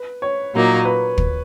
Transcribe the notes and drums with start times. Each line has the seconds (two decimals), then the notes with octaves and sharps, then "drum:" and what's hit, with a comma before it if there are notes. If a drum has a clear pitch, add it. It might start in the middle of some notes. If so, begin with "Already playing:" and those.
Already playing: B4
0.22 C#5
0.54 A#2 F#3 A#3 D#4
0.85 B4
1.18 drum: kick